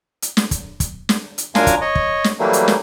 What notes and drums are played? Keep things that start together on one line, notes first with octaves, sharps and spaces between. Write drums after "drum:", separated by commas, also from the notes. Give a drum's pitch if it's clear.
drum: hi-hat
drum: snare
drum: kick, hi-hat
drum: kick, hi-hat
drum: snare
drum: hi-hat
F#2 D4 F4 A#4 F5 G#5, drum: snare
drum: kick, hi-hat
C#5 D#5
drum: kick
drum: snare
E3 F#3 G3 A3 A#3
drum: hi-hat
drum: snare